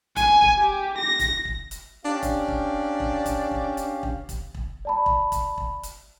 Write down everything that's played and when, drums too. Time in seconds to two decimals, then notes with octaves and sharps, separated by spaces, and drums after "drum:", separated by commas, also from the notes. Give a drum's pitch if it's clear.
0.16 G#5, drum: kick E1, hi-hat
0.42 drum: kick E1
0.59 G4
0.98 A#6
1.19 drum: kick E1, hi-hat
1.45 drum: kick E1
1.71 drum: hi-hat
2.05 C#4 D4 G4 F5
2.23 drum: kick E1, hi-hat
2.48 drum: kick E1
3.00 drum: kick E1
3.26 drum: kick E1, hi-hat
3.51 drum: kick E1
3.77 drum: hi-hat
4.03 drum: kick E1
4.29 drum: kick E1, hi-hat
4.55 drum: kick E1
4.85 D5 A5 B5
5.06 drum: kick E1
5.32 drum: kick E1, hi-hat
5.58 drum: kick E1
5.83 drum: hi-hat